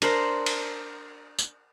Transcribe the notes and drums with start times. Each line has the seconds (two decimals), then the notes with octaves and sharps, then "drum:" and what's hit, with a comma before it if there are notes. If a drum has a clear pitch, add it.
0.02 D4 A#4 C5, drum: cymbal
0.46 drum: cymbal
1.39 drum: tambourine